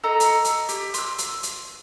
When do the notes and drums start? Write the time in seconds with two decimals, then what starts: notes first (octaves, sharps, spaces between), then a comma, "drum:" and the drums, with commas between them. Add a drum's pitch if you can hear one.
0.04 A4 D#5 A#5 E6
0.20 drum: hi-hat
0.45 drum: hi-hat
0.69 G4, drum: hi-hat
0.94 C6 E6, drum: hi-hat
1.18 drum: hi-hat
1.43 drum: hi-hat